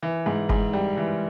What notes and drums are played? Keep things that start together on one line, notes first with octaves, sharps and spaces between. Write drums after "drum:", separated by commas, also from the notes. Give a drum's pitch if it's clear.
E3
G#2
G#2, drum: kick
G3
E3